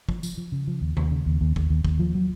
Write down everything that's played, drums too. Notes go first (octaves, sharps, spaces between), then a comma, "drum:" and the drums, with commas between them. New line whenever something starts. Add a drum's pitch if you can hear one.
F3, drum: kick
F3, drum: tambourine
F3
C#3
F3
D#2
D#2, drum: tom C3
C#3
D#2
D#2
D#2, drum: kick
D#2
D#2, drum: kick
F3
F#3